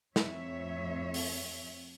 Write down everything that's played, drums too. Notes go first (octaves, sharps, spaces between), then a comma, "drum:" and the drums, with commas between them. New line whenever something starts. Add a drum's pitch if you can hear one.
F2 A2 C4 C#5 E5, drum: snare
drum: open hi-hat